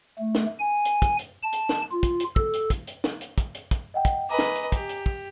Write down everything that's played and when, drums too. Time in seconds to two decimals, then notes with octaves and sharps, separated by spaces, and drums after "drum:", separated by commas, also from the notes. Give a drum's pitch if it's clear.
0.19 A3
0.35 drum: snare
0.60 G#5
0.85 drum: hi-hat
1.02 drum: kick, hi-hat
1.19 drum: hi-hat
1.43 A5
1.52 drum: hi-hat
1.69 drum: snare
1.91 F4
2.03 drum: kick, hi-hat
2.20 drum: hi-hat
2.36 A4, drum: kick
2.53 drum: hi-hat
2.70 drum: kick, hi-hat
2.87 drum: hi-hat
3.04 drum: snare
3.21 drum: hi-hat
3.38 drum: kick, hi-hat
3.54 drum: hi-hat
3.71 drum: kick, hi-hat
3.94 D#5 F#5 G5
4.05 drum: kick, hi-hat
4.29 B4 D#5 G#5 A#5 D6
4.39 drum: snare
4.55 drum: hi-hat
4.72 G4, drum: kick, hi-hat
4.89 drum: hi-hat
5.06 drum: kick